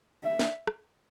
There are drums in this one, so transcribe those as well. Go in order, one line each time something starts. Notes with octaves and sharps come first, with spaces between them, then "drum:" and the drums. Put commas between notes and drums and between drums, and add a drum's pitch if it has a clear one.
E5
drum: snare
drum: rim click